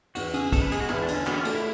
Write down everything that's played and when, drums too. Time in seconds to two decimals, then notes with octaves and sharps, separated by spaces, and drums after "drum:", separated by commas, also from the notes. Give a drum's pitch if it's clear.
0.15 E2 F#4, drum: cymbal
0.34 C#3 G#4, drum: cymbal
0.53 B2 A4, drum: kick, cymbal
0.62 B4
0.72 G#3 G#4, drum: cymbal
0.80 F#4
0.89 E2 E4, drum: clap
1.03 D4
1.08 D3, drum: cymbal
1.14 C#4
1.27 B3 F#4, drum: clap
1.36 C#4
1.45 A3 D4, drum: cymbal
1.55 E4